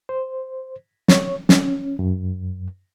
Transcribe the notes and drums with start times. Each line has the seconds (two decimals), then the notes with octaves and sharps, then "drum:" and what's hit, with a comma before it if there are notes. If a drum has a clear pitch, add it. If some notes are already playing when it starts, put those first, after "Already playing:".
0.09 C5
1.08 C#5, drum: snare
1.49 C#4, drum: snare
1.99 F#2